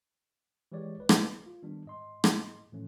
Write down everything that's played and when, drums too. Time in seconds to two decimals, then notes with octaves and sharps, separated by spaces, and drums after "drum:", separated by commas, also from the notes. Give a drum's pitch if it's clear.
0.72 E3 G#3 G4 C#5 D5
0.98 G1 B4 D5
1.09 drum: rim click
1.46 F4
1.63 D#3 G3 B3 D4
1.86 G#2 D#5 C6
2.24 drum: rim click
2.72 A2 E3 F3 A3 C#4